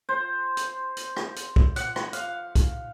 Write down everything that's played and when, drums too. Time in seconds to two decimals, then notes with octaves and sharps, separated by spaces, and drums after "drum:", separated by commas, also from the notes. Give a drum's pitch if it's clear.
0.09 C5
0.57 drum: hi-hat
0.97 drum: hi-hat
1.17 drum: rim click
1.36 drum: hi-hat
1.56 drum: kick
1.76 F#5, drum: hi-hat
1.96 drum: rim click
2.13 F5, drum: hi-hat
2.55 drum: kick, hi-hat